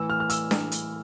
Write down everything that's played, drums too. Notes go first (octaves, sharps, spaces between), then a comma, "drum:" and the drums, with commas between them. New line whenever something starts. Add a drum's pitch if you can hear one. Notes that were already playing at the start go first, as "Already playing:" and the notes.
Already playing: A2 E3 E6
F6
F6
E6, drum: hi-hat
drum: snare D4
drum: hi-hat